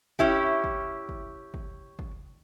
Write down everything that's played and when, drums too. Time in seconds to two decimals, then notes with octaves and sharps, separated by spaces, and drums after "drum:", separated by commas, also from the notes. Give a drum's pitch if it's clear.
0.19 C#4 E4 G4, drum: kick
0.64 drum: kick
1.09 drum: kick
1.54 drum: kick
1.99 drum: kick